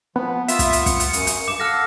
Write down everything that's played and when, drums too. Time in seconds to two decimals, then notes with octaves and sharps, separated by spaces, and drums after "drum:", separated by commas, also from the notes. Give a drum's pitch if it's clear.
0.16 F3 B3
0.48 B3 F4 E5, drum: hi-hat
0.59 drum: kick, hi-hat
0.73 drum: hi-hat
0.86 C#7, drum: kick, hi-hat
1.00 drum: hi-hat
1.13 F#2 D#6, drum: hi-hat
1.27 drum: hi-hat
1.48 G2 D6 E7
1.60 A4 F5 F#5 F6 A#6